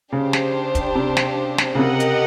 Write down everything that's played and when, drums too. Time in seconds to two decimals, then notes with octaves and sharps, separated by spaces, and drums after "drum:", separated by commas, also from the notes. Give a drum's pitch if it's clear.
0.12 C#3 D4 G4 C5
0.33 drum: snare
0.75 drum: kick, hi-hat
0.95 C3
1.17 drum: snare
1.58 drum: snare
1.75 C#3
1.79 C3 G4 A#4 D#5 F#5
2.00 drum: hi-hat